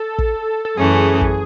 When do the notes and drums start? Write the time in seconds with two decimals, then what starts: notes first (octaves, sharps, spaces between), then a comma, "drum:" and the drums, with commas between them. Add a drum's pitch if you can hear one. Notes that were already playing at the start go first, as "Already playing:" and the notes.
Already playing: A4
0.18 drum: kick
0.65 A4
0.77 F#2 E3 A3 C#4 G#4
1.21 drum: kick